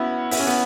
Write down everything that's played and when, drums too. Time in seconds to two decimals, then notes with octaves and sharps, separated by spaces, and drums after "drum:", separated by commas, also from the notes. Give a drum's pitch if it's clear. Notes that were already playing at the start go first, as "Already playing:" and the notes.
Already playing: B3 C#4 E4 F#4
0.31 E4, drum: open hi-hat
0.40 C#4
0.47 B3